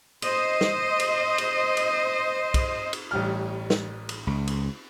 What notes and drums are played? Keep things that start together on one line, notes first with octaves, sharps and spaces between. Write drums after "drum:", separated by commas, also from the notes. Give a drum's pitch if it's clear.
C5 D#5, drum: cymbal
drum: snare
drum: cymbal
drum: cymbal
drum: cymbal
drum: kick B1, cymbal
drum: cymbal
A1 G2 F6
drum: snare
drum: cymbal
C#2
drum: cymbal